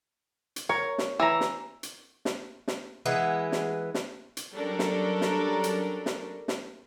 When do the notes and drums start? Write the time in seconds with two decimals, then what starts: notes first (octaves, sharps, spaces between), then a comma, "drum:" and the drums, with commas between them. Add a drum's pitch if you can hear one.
0.56 drum: hi-hat
0.69 A#4 C#5
0.98 drum: snare
1.20 E3 A#5 E6
1.41 drum: snare
1.83 drum: hi-hat
2.25 drum: snare
2.68 drum: snare
3.06 E3 G#3 B3
3.52 drum: snare
3.94 drum: snare
4.37 drum: hi-hat
4.54 F#3 G3 C#4 D4 A4 A#4
4.79 drum: snare
5.21 drum: snare
5.64 drum: hi-hat
6.06 drum: snare
6.48 drum: snare